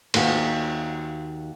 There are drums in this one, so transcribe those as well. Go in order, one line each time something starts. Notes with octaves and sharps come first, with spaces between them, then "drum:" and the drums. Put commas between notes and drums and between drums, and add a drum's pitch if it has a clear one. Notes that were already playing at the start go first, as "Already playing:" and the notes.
D#2 F#4 F5 F#5, drum: cymbal